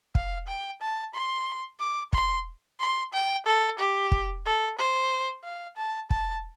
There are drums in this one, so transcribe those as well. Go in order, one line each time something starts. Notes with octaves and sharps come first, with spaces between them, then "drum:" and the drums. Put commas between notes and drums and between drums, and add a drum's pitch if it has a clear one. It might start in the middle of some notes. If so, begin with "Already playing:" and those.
F5, drum: kick
G5
A5
C6
D6
C6, drum: kick
C6
G5
A4
G4
drum: kick
A4
C5
F5
A5
A5, drum: kick